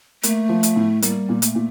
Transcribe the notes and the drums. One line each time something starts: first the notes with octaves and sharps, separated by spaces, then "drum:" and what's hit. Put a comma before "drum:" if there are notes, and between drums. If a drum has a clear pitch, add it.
A3 A#3, drum: hi-hat
F3
drum: hi-hat
A2
G3 A#3, drum: hi-hat
A#2
A3, drum: hi-hat
A#2